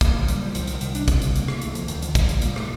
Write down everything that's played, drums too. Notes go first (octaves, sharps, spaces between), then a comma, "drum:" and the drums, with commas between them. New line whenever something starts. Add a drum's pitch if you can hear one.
A#2 A#3, drum: kick, hi-hat
F3
A#2 G3, drum: hi-hat
G3
C2 F3, drum: hi-hat
D#3, drum: hi-hat
C2 D#3, drum: hi-hat
D4, drum: hi-hat
C3 C4, drum: kick, hi-hat
drum: hi-hat
C3 A#3, drum: hi-hat
drum: rim click
D2 A3, drum: hi-hat
F3, drum: hi-hat
D2 D#3, drum: hi-hat
F3, drum: hi-hat
A#2 G3, drum: kick, hi-hat
F3, drum: hi-hat
A#2 G3, drum: hi-hat
A3, drum: rim click